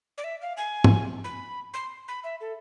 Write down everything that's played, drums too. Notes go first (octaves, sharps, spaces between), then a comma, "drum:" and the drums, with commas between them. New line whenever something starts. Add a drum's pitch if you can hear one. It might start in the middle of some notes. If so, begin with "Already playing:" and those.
D5
E5
F5
G#5
drum: tom G#2
B5
C6
B5
E5
A4